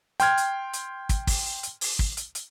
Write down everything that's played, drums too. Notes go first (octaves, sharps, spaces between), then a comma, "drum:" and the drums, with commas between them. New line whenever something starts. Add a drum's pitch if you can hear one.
G5 C6 F6 G#6, drum: hi-hat
drum: hi-hat
drum: hi-hat
drum: kick, hi-hat
drum: kick, open hi-hat
drum: hi-hat
drum: open hi-hat
drum: kick
drum: hi-hat
drum: hi-hat